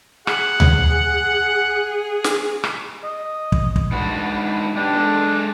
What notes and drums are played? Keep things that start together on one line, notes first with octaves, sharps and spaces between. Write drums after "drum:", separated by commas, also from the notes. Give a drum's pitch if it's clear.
G#4 F#5, drum: rim click
drum: tom D2
drum: snare
drum: rim click
D#5
drum: kick
drum: kick
G#2 D4 F#4 B5
B2 G3 D4 G4
G#3 A4